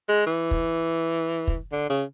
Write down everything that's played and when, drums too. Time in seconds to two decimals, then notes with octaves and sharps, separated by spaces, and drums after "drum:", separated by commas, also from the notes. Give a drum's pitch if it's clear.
0.09 G#3
0.27 E3
0.51 drum: kick
1.48 drum: kick
1.72 D3
1.90 C#3